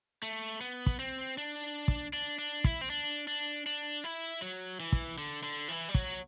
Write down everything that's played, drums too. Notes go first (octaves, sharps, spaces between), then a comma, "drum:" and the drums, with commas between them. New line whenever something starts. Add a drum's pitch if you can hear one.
A3
B3
drum: kick
C4
D4
drum: kick
D4
D4
E4, drum: kick
C4
D4
D4
D4
E4
F#3
E3
drum: kick
D3
D3
E3
G3
F#3, drum: kick